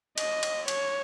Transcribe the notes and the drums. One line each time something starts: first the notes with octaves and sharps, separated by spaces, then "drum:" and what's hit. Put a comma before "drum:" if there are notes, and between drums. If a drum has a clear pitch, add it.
D#5, drum: cymbal
drum: cymbal
C#5, drum: cymbal